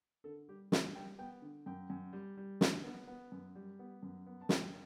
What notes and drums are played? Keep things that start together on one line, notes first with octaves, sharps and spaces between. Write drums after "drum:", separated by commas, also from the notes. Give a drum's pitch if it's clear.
D3 A4
G3 G4
D3 E5, drum: snare
G3 G5
B3 G5
D3
F#2 G5
F#2
G3
G3
D3, drum: snare
B3
B3
F#2
G3
B3
F#2
B3
A5
F#2 G5, drum: snare